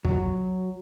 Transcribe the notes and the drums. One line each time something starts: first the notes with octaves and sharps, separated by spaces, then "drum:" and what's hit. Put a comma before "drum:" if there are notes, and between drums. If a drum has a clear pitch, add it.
F#3, drum: kick